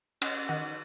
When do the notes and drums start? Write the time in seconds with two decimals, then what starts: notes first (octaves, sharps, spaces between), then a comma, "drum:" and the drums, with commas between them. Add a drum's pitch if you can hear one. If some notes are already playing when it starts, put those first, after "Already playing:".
0.22 C#4 D#5 F#5, drum: cymbal
0.49 D#3 D#5 F#5